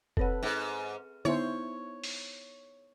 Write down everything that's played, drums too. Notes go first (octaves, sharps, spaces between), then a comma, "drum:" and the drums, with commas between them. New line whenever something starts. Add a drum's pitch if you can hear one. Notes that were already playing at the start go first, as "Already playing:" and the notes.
C4 A4 B4 C#5 F#5, drum: kick F1
G#2
B3 D#4 E4 C5 C#5, drum: tom
drum: open hi-hat